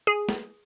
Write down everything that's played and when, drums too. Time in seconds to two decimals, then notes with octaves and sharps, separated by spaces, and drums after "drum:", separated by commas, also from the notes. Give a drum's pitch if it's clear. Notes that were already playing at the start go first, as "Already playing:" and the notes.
0.07 G#4
0.29 drum: snare